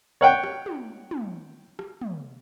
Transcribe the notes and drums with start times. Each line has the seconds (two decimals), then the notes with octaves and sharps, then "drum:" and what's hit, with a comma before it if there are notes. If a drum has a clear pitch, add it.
0.21 C#5 F#5 G5
0.44 drum: rim click
0.66 drum: tom
1.11 drum: tom
1.79 drum: rim click
2.01 drum: tom